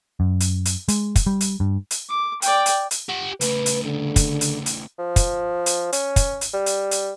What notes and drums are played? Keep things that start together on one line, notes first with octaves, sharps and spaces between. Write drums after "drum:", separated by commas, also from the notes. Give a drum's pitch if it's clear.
F#2
drum: hi-hat
drum: hi-hat
G#3, drum: hi-hat
drum: kick, hi-hat
G3
drum: hi-hat
G2
drum: hi-hat
D6
D5 G5, drum: hi-hat
drum: hi-hat
drum: hi-hat
G4 F#5
C#3 A3 B4, drum: hi-hat
drum: hi-hat
D3
drum: kick, hi-hat
drum: hi-hat
drum: hi-hat
F3
drum: kick, hi-hat
drum: hi-hat
C#4, drum: hi-hat
drum: kick, hi-hat
drum: hi-hat
G3
drum: hi-hat
drum: hi-hat